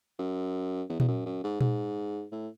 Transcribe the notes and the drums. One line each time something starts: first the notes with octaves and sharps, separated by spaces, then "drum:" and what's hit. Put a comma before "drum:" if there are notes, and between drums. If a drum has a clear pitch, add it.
F#2
E2
E2, drum: tom A#2
F#2
F#2
G#2
G#2, drum: tom A#2
A2